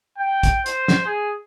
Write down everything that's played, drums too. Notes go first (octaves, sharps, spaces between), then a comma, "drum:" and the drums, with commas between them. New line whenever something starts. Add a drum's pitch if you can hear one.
G5
drum: kick, hi-hat
C5, drum: hi-hat
drum: snare
G#4